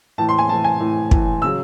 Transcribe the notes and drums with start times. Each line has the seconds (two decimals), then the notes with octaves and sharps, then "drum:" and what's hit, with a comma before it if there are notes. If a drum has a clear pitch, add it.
0.18 A2 E3 A5
0.29 C6
0.38 G#5
0.49 A2 E3 A5
0.64 G#5
0.80 A2 E3
1.11 A2 E3, drum: kick
1.42 C#3 F#3 E6